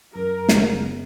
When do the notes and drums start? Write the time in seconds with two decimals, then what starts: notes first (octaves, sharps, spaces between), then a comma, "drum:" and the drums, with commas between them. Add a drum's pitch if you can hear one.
0.14 F#2 A#4
0.49 C#3 G#3 B3, drum: snare